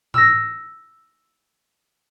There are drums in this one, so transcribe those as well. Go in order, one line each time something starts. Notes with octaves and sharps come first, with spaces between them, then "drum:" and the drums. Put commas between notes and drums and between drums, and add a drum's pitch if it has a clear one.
E6 A#6, drum: tom G#2